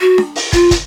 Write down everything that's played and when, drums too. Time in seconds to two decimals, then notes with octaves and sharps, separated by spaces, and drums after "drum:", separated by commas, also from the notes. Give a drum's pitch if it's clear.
0.01 F#4
0.18 drum: snare D4
0.36 drum: open hi-hat
0.53 F4, drum: kick, hi-hat
0.71 drum: kick, hi-hat